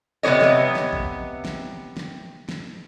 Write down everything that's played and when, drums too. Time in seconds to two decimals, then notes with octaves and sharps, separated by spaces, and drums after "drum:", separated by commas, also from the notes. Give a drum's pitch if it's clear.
0.23 C3 B3 G#4 C#5 D#5
0.41 drum: snare
0.75 drum: snare
0.93 drum: kick A#1
1.45 drum: snare
1.97 drum: snare
2.49 drum: snare